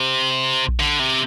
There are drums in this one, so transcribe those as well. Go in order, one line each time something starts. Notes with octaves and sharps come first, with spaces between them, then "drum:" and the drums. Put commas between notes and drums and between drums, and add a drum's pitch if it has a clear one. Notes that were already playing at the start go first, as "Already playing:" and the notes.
Already playing: C3
drum: kick A#1
D3
C3